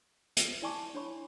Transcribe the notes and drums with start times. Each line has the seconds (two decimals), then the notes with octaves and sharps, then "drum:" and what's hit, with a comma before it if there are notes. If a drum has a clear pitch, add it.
0.37 E5, drum: hi-hat
0.62 E4 D5 G#5 A5 C#6 D6
0.95 D4 C#5 B5 C#6